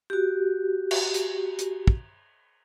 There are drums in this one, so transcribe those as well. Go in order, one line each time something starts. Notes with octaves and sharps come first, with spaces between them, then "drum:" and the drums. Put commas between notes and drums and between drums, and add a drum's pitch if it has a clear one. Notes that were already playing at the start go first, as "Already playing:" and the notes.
F#4 G4
drum: cymbal
drum: hi-hat
drum: hi-hat
drum: kick